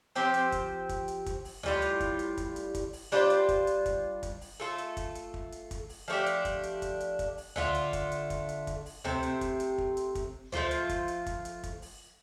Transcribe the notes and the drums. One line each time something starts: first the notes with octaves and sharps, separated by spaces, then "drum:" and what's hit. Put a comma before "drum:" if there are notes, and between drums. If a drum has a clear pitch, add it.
F3 C4 G4 C5
drum: hi-hat
drum: kick, hi-hat
drum: kick, hi-hat
drum: hi-hat
drum: kick, hi-hat
drum: open hi-hat
A2 G3 F4, drum: tom C#2
drum: hi-hat
drum: kick, hi-hat
drum: hi-hat
drum: kick, hi-hat
drum: hi-hat
drum: kick, hi-hat
drum: open hi-hat
G3 D4 F4 C5
drum: hi-hat
drum: kick, hi-hat
drum: hi-hat
drum: kick, hi-hat
drum: kick, hi-hat
drum: open hi-hat
A3 F4 A4
drum: hi-hat
drum: kick, hi-hat
drum: hi-hat
drum: kick
drum: hi-hat
drum: kick, hi-hat
drum: open hi-hat
F3 A3 D4 G4
drum: hi-hat
drum: kick, hi-hat
drum: hi-hat
drum: kick, hi-hat
drum: hi-hat
drum: kick, hi-hat
drum: open hi-hat
D3 A3 F4, drum: tom C#2
drum: hi-hat
drum: kick, hi-hat
drum: hi-hat
drum: kick, hi-hat
drum: hi-hat
drum: kick, hi-hat
drum: open hi-hat
C3 A3 C4, drum: tom C#2
drum: hi-hat
drum: kick, hi-hat
drum: hi-hat
drum: kick
drum: hi-hat
drum: kick, hi-hat
F3 A3 F4 C5, drum: tom C#2
drum: hi-hat
drum: kick, hi-hat
drum: hi-hat
drum: kick, hi-hat
drum: hi-hat
drum: kick, hi-hat
drum: open hi-hat